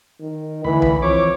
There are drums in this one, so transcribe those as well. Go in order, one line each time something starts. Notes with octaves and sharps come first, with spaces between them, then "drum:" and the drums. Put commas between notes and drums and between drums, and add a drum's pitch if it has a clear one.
D#3
D2 E3 B5
drum: tom C2
F2 E3 C#5 D6